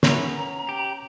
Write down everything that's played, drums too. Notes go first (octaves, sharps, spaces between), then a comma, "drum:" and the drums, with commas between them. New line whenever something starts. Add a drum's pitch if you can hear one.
B3 C#4 A#4 B4 C#5 E5 A#5, drum: snare
G4